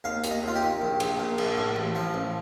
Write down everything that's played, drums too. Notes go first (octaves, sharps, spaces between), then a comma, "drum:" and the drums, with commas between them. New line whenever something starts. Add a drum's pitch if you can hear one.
D#2 F5
D#2, drum: hi-hat
D#5
D#2 F4
G4
D#3
A#1
A#1, drum: cymbal
A#2
A#1, drum: cymbal
A2
A1
F3
A1